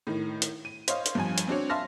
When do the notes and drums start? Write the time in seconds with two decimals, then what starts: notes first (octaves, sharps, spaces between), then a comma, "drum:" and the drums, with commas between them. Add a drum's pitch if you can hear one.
0.07 A2 D#3
0.42 drum: hi-hat
0.65 D#7
0.88 C5 C#5 D#5 F5, drum: hi-hat
1.06 drum: hi-hat
1.15 G2 F3 G#5
1.38 drum: hi-hat
1.47 C4 D4 F#4 C#5
1.70 E5 F5 A5 C6 F6 A#6